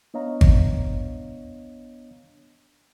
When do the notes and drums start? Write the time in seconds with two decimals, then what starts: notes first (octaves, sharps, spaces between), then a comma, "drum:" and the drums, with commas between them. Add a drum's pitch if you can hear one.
0.14 B3 D4 C#5 D#5 F5 A#5
0.41 drum: kick G#1